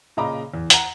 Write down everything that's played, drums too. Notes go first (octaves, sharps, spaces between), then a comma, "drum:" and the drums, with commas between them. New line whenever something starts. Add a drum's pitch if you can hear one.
A#2 C#3 D#5 A#5 B5 D6
E2
F#5 A#5, drum: hi-hat